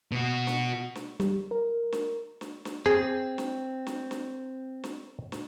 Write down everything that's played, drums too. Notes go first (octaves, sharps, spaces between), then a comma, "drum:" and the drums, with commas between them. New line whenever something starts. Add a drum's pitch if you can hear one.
B2 F#4
drum: snare
drum: snare
G3, drum: snare
A#4
drum: snare
drum: snare
drum: snare
C4 G#4
drum: snare
drum: snare
drum: snare
drum: snare
drum: snare